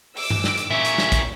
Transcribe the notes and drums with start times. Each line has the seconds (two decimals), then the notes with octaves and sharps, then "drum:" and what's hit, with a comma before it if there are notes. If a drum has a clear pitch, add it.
0.17 D6 E6, drum: open hi-hat
0.30 drum: tom G2
0.44 drum: snare
0.58 drum: hi-hat
0.71 A#2 C#4 E5
0.85 drum: hi-hat
0.98 drum: snare
1.12 drum: kick, hi-hat